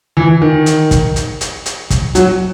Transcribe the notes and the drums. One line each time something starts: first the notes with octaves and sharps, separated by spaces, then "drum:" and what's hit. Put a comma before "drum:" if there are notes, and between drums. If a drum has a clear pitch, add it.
E3
D#3
drum: hi-hat
drum: kick, hi-hat
drum: hi-hat
drum: hi-hat
drum: hi-hat
drum: kick, hi-hat
F#3, drum: hi-hat